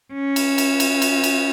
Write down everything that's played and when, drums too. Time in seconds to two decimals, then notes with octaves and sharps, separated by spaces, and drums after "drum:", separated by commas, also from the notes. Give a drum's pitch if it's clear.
0.14 C#4
0.36 drum: cymbal
0.58 drum: cymbal
0.80 drum: cymbal
1.02 drum: cymbal
1.24 drum: cymbal